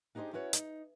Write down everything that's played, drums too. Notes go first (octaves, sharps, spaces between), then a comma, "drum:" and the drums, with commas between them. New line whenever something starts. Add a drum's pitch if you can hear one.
D4 D#4 G4 G#4 C5 D#5
C#4 E4 F#4 B4 C#5
D#4, drum: hi-hat